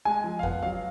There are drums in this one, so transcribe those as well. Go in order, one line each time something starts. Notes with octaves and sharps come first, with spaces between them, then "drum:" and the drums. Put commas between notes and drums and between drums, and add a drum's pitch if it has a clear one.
G#3 G#5
F3
F5
B3 F#5, drum: kick F2
F#3 F5